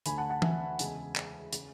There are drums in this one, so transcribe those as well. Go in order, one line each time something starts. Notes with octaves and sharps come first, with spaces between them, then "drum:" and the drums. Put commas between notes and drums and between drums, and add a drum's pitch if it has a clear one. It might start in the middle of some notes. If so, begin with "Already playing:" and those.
D2 D3 A3 G#5 B5, drum: hi-hat
F#5 A5
F#5 A5
E5 G#5, drum: tom E3
E2 C#3 G#3, drum: hi-hat
drum: clap
C#3, drum: hi-hat